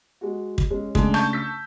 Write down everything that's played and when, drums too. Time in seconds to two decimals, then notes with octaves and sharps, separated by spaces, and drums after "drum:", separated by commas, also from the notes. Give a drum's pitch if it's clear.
0.21 G#3 F#4
0.58 drum: kick
0.71 G#3 C#4
0.95 C#3 G#3 A3 D4, drum: kick
1.14 A5 C#6 G6, drum: rim click
1.33 E6 B6